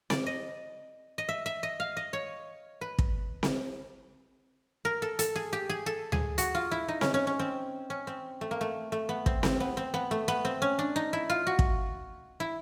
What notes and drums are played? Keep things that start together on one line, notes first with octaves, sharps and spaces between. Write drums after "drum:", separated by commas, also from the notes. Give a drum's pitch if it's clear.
D5, drum: snare C4
D#5
D#5
E5
E5
D#5
F5
D#5
C#5
B4
drum: kick
drum: snare C4
A#4
A4
A4, drum: hi-hat
G#4
G4
G#4
A4
G#4, drum: tom D2
F#4, drum: hi-hat
F4
E4
D#4
C#4, drum: snare C4
C#4
C#4
C4
C#4
C4
A3
A#3
A3
A3
B3
C4, drum: kick
C4, drum: snare C4
B3
C4
B3
A3
B3
C4
C#4
D4
D#4
E4
F4
F#4
drum: kick
E4